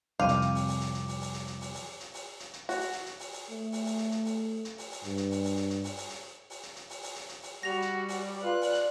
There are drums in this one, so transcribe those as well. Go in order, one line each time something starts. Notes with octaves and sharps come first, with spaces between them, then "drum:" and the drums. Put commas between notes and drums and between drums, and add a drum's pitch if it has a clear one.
C2 F2 F5 G5 D6 D#7
drum: hi-hat
drum: hi-hat
drum: open hi-hat
drum: open hi-hat
drum: hi-hat
drum: hi-hat
drum: open hi-hat
drum: open hi-hat
drum: hi-hat
drum: hi-hat
drum: open hi-hat
drum: open hi-hat
drum: hi-hat
drum: open hi-hat
drum: hi-hat
drum: hi-hat
F#4, drum: open hi-hat
drum: open hi-hat
drum: hi-hat
drum: hi-hat
drum: open hi-hat
drum: open hi-hat
A3
drum: open hi-hat
drum: open hi-hat
drum: hi-hat
drum: hi-hat
drum: open hi-hat
drum: hi-hat
drum: open hi-hat
drum: open hi-hat
G2, drum: hi-hat
drum: hi-hat
drum: open hi-hat
drum: open hi-hat
drum: hi-hat
drum: hi-hat
drum: open hi-hat
drum: open hi-hat
drum: hi-hat
drum: open hi-hat
drum: hi-hat
drum: hi-hat
drum: open hi-hat
drum: open hi-hat
drum: hi-hat
drum: hi-hat
drum: open hi-hat
G3 F#4 A#6 F7
drum: hi-hat
drum: open hi-hat
F4 B4 D5 F#6
drum: open hi-hat
drum: hi-hat